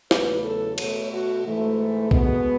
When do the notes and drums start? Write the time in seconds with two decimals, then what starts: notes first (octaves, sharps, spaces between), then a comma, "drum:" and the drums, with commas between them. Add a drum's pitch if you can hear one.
0.11 E2 C#3 F#3 A3 B4, drum: snare
0.45 A4
0.78 B2 A3 C#5, drum: cymbal
1.11 F#4
1.45 G#2 E3 A3
2.11 B2 G#3 B3, drum: kick B1